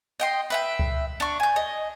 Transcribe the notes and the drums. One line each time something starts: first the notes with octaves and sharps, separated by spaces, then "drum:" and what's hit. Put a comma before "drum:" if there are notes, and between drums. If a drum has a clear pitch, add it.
D#5 G5 C6
B4 E5 G5
drum: kick C#2
D4 C#6
G#5 G6
D#5